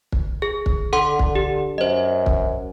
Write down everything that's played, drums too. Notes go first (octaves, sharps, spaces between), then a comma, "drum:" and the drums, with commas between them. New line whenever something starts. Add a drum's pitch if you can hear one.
drum: kick
G#4
drum: kick
D3 A4 F#5 C6
drum: kick
G4
F#2 C5 D#5
drum: kick